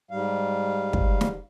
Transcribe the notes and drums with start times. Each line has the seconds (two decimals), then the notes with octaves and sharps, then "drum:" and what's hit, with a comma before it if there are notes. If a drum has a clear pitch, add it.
0.11 G#2 G3 F5
0.93 drum: kick
1.21 drum: snare